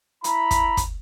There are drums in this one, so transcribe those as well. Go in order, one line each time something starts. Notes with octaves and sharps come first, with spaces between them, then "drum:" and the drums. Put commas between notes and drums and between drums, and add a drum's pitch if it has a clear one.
E4 A#5 B5, drum: hi-hat
drum: kick, hi-hat
drum: kick, hi-hat